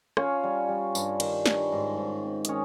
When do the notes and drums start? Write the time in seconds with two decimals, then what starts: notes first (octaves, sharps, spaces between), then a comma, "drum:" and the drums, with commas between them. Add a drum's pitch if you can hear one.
0.17 C#4 F4 C#5, drum: rim click
0.44 G3
0.69 G3
0.95 G2, drum: tambourine
1.20 D#3, drum: cymbal
1.46 G2, drum: snare
1.72 G#2
1.98 G#2
2.24 C4
2.45 D#3 C#4 C#5 D#5, drum: hi-hat